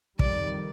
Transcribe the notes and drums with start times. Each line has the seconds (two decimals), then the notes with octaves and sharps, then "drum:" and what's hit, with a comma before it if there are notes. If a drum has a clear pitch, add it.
0.19 F2 D#3 G3 D5, drum: kick